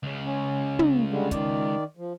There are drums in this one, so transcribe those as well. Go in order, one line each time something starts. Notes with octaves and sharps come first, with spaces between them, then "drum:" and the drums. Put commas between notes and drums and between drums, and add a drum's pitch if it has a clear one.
C#2 C#3
C#4
drum: tom
D3 G3 G#3
D#3 D5, drum: kick, hi-hat
F3